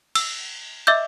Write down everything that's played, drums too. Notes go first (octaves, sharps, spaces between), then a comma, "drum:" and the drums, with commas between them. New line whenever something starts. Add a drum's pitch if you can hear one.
E6, drum: cymbal
D#5 E5 D6 E6 G6